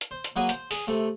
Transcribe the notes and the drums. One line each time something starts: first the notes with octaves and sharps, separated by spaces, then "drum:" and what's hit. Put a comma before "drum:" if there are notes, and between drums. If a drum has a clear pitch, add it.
drum: hi-hat
C5
drum: hi-hat
F#3 A#3 F#4 G#4 B4 C#5
C5, drum: hi-hat
G#4, drum: open hi-hat
C3 A3